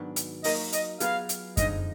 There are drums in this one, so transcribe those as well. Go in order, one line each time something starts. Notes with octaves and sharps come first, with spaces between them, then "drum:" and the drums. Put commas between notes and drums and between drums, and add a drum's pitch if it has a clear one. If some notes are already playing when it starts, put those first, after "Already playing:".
Already playing: G#2 D#3 F#3 B3 D4
drum: hi-hat
F#3 A#3 D#4 A#4 D#5, drum: open hi-hat
D#5, drum: hi-hat
F#3 B3 F4 G#4 B4 F5, drum: hi-hat
drum: hi-hat
F2 D3 F3 G#3 D#4 D#5, drum: kick F#2, hi-hat